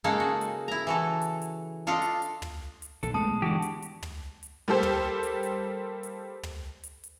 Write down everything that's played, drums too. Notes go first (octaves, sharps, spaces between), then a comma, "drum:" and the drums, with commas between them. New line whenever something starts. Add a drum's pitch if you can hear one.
C#3 G#3 A#3 D#4 A4
F#4
drum: hi-hat
E4 A#5
E3 F#4 A4
drum: hi-hat
drum: hi-hat
D4 F4 A4 D5 D#5
drum: hi-hat
drum: hi-hat
drum: tom
drum: hi-hat
A#1 D3 A4, drum: hi-hat
B1 G#3 A3 B3 A5 D#6
G2 D3 E3 G#3 F#4 G4
drum: hi-hat
drum: hi-hat
drum: tom
drum: hi-hat
G3 A#3 G4 A4 C5
drum: tom
drum: hi-hat
drum: hi-hat
drum: hi-hat
drum: tom
drum: hi-hat
drum: hi-hat